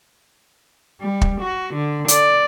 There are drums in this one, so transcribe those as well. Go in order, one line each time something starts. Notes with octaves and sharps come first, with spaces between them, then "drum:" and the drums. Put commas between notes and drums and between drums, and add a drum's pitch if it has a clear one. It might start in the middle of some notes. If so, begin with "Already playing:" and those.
G3
drum: kick
F#4
D3
D5, drum: hi-hat